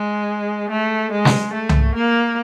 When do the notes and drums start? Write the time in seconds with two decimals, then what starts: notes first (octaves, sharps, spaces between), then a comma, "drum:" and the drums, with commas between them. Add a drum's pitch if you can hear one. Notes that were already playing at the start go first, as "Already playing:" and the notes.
Already playing: G#3
0.70 A3
1.12 G#3
1.25 drum: snare
1.54 A3
1.69 drum: tom C2
1.95 A#3